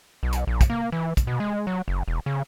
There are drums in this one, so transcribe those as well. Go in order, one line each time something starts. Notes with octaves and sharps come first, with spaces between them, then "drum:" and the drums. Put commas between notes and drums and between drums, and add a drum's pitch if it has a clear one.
B1
drum: hi-hat
A#1
drum: kick, hi-hat
A#3
E3
drum: kick, hi-hat
B2
G#3
F#3
F#1
E1
C#3